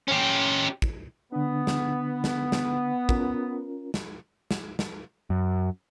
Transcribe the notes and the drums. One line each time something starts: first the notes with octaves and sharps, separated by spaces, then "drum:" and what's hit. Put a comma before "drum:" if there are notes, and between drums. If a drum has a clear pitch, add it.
C#4 G4
drum: kick
D3 B3 D4
drum: snare
drum: snare
drum: snare
C#4 F4 A#4, drum: kick
drum: snare
drum: snare
drum: snare
F#2